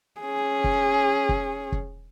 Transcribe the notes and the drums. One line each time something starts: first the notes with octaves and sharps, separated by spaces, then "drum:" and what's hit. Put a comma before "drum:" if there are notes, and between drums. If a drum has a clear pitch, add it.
C#4 G#4
drum: kick
drum: kick
drum: kick